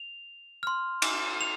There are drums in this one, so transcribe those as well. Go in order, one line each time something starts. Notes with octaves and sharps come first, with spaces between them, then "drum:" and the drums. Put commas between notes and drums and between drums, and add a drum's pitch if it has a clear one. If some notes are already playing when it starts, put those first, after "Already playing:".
Already playing: F7
C6 F6
drum: cymbal
F7